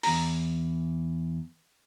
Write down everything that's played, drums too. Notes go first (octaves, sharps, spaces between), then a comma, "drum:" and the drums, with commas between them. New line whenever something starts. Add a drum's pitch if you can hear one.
E2 A#5, drum: open hi-hat